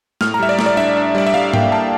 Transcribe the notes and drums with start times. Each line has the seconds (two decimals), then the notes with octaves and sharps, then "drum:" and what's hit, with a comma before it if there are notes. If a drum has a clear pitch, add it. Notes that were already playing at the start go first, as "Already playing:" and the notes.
0.21 A2 F6, drum: snare
0.34 A#5
0.40 G3 E5
0.49 D5
0.59 A2, drum: snare
0.66 D5
0.77 D4 E5
0.97 D4
1.15 G3 D5
1.27 E5
1.34 G3 F5
1.54 A#3 G5, drum: tom G#2
1.72 A#3 A5